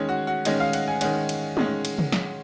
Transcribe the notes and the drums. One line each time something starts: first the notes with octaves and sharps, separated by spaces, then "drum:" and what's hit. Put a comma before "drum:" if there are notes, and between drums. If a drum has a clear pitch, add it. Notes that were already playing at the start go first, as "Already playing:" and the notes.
Already playing: D#3 G#3 C#4
F#4
F#4
D#3 G#3 C#4 D#5, drum: cymbal
F5
F#5, drum: cymbal
G#5
D#3 G#3 C#4 F#5, drum: cymbal
drum: cymbal
D#3 G#3 C#4, drum: tom
drum: cymbal
drum: tom
drum: snare